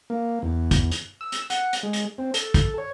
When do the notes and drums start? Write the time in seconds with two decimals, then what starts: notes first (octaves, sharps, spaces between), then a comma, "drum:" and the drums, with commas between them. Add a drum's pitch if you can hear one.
0.10 A#3
0.42 E2
0.71 drum: kick, hi-hat
0.92 drum: hi-hat
1.21 E6
1.32 drum: hi-hat
1.50 F#5, drum: hi-hat
1.73 drum: hi-hat
1.83 G#3
1.93 drum: hi-hat
2.18 C4
2.34 A4, drum: hi-hat
2.54 drum: kick, hi-hat
2.78 C#5